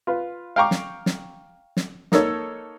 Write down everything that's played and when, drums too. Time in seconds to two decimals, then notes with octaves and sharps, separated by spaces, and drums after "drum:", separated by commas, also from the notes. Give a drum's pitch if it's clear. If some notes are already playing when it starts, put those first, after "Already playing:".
0.07 F4 B4
0.56 F5 G5 A#5 C#6 D6
0.71 drum: snare
1.06 drum: snare
1.77 drum: snare
2.12 A#3 D#4 A4 C#5, drum: snare